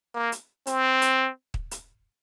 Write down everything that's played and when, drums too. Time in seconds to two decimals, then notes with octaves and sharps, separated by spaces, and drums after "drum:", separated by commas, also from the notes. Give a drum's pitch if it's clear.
0.14 A#3
0.32 drum: hi-hat
0.67 C4, drum: hi-hat
1.02 drum: hi-hat
1.54 drum: kick
1.71 drum: hi-hat